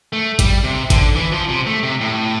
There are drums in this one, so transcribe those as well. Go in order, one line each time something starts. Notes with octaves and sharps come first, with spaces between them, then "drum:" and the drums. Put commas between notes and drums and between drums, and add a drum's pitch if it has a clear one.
A3
G3, drum: kick, hi-hat
C3
D3, drum: kick, hi-hat
E3
F3
C3
A3
C3
A2